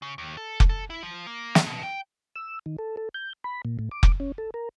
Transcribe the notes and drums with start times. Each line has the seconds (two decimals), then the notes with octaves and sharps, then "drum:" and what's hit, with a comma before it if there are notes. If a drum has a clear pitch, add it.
0.02 C#3
0.18 D#2
0.37 A4
0.60 drum: kick F1
0.69 A4
0.90 E4
1.03 F3
1.27 A#3
1.55 drum: snare
1.66 B2
1.83 G5
2.36 E6
2.66 D#3
2.79 A4
2.97 A4
3.14 G6
3.44 B5
3.65 A#2
3.79 A2
3.91 D6
4.03 drum: kick F1
4.20 C#4
4.38 A4
4.54 A#4